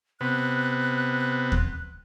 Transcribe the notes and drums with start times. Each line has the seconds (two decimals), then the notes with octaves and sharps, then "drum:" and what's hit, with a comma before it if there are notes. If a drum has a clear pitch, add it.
0.21 C3 B3 F#6
1.52 drum: kick D#2